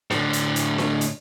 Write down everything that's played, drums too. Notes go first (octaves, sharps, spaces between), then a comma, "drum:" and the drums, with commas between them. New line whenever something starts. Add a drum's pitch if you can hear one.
A2 D3, drum: snare D4
drum: hi-hat
drum: hi-hat
drum: snare D4
drum: hi-hat